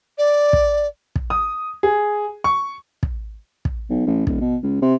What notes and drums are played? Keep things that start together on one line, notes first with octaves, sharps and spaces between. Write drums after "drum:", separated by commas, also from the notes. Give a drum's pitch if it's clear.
D5
drum: kick
drum: kick
D#6
G#4
C#6
drum: kick
drum: kick
B1
A1
D#1, drum: kick
B2
C#2
C3